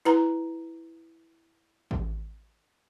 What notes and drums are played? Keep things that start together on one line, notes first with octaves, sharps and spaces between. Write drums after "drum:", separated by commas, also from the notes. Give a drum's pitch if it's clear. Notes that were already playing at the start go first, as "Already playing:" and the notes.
E4 B4 A#5, drum: hi-hat
drum: kick A1